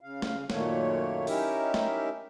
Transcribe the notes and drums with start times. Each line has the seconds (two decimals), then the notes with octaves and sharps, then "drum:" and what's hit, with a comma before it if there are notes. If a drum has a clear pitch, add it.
0.01 C#3 F5
0.22 drum: snare
0.50 F#2 A#2 D#3 A3 A#3 C#5, drum: snare
1.27 C#4 D#4 E4 G4 A#4 E5, drum: open hi-hat
1.74 drum: snare